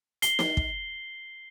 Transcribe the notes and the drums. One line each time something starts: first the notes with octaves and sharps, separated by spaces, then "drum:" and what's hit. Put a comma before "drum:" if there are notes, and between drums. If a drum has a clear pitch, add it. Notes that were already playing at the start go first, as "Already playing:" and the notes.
C7 G7, drum: hi-hat
drum: snare
drum: kick